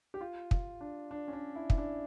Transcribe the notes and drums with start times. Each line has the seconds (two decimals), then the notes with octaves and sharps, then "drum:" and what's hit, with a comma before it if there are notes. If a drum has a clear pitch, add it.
0.14 G4
0.21 F4
0.51 F4, drum: kick
0.81 D4
1.11 D4
1.28 C#4
1.33 D4
1.55 E4
1.70 E4, drum: kick
1.78 D4